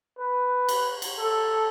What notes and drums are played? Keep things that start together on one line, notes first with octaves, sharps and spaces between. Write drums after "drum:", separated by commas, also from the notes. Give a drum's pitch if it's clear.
B4
drum: cymbal
drum: cymbal
A4